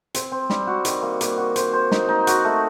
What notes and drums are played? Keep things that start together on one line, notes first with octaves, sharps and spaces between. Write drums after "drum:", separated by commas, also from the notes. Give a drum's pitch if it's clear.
C4, drum: hi-hat
C4
G3, drum: snare
F#4
D#3, drum: hi-hat
A#3
A#3, drum: hi-hat
F#4
C5, drum: hi-hat
C5
D#4, drum: snare
D#4
F#4, drum: hi-hat
A3